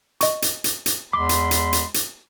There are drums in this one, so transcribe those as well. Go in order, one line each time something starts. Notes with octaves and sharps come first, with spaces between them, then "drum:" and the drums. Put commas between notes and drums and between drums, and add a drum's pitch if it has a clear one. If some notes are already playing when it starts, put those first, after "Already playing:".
D#5 C#6, drum: hi-hat
drum: hi-hat
drum: hi-hat
drum: hi-hat
E2 G#3 B5 C6 D6
drum: hi-hat
drum: hi-hat
drum: hi-hat
drum: hi-hat